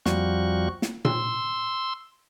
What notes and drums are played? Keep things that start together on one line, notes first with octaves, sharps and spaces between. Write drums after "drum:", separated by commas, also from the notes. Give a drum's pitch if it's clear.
F2 F3 G3 F#4 C#6, drum: snare
drum: snare
C6 E6, drum: tom A#2